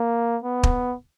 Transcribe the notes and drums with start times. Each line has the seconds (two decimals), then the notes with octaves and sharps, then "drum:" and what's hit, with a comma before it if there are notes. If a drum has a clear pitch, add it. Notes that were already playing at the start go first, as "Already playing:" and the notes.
Already playing: A#3
0.44 B3
0.63 drum: kick